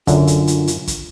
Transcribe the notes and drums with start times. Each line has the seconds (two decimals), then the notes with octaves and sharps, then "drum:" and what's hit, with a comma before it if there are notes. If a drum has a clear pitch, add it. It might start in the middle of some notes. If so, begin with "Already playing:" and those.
0.07 F#2 D3 F4, drum: kick F#1, hi-hat
0.27 drum: hi-hat
0.47 drum: hi-hat
0.67 drum: hi-hat
0.87 drum: kick F#1, hi-hat